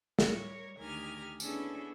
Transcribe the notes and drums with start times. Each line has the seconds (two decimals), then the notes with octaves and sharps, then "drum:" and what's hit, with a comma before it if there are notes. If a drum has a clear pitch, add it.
0.19 G3 A#4 C#5, drum: snare
0.77 D2 D#3 G4 G#5 A#5 F6
1.40 B3 C#4 D4 E4 G#4 A4, drum: tambourine